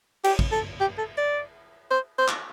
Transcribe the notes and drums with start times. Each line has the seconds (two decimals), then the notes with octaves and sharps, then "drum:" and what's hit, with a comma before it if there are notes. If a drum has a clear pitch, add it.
0.24 G4, drum: cymbal
0.39 drum: kick
0.52 A4
0.80 G4
0.98 A4
1.17 D5
1.91 C5
2.18 C5
2.28 drum: clap